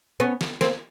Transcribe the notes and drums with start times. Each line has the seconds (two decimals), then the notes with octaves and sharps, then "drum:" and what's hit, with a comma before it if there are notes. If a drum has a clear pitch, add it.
0.20 B3 C#4
0.41 drum: snare
0.61 A#3 C4, drum: snare